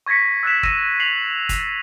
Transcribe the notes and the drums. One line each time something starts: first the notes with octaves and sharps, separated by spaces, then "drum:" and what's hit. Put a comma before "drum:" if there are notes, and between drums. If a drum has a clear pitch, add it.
C#6 G#6 A#6 B6 C#7
E6 F#6 A6 B6 E7
E6 A#6 D#7 E7, drum: kick
C7 F7 F#7
drum: kick, hi-hat
A6